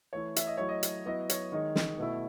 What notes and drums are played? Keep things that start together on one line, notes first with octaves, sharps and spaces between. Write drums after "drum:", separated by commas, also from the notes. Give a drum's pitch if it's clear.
E3 A3 E4 C#5
E5, drum: hi-hat
D#5
F#3 A3 E4 C#5
D#5
drum: hi-hat
F#3 B3 E4 D#5
C#5, drum: hi-hat
D#3 G#3 D#4
drum: snare
B2 A3 E4